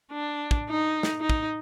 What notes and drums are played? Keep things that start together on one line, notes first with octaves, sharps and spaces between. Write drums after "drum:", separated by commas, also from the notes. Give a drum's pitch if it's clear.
D4
drum: kick
D#4
drum: snare
D#4
drum: kick